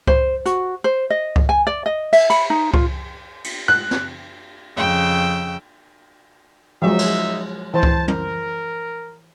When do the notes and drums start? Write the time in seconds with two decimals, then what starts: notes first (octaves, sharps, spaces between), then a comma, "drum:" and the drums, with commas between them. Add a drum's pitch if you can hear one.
0.07 C5, drum: kick C#2
0.46 F#4, drum: hi-hat
0.84 C5
1.10 D#5
1.36 drum: kick C#2
1.49 G#5
1.67 D5
1.86 D#5
2.13 E5, drum: cymbal
2.30 B5, drum: cymbal
2.50 D#4
2.74 F4, drum: kick C#2
3.44 drum: cymbal
3.68 F#6
3.91 drum: snare
4.77 F2 C#3 G5 E6
6.82 F3 F#3 G#3 D#4 E5
6.99 drum: cymbal
7.74 E3 C5 A5
7.83 drum: kick C#2
8.08 A#4, drum: tom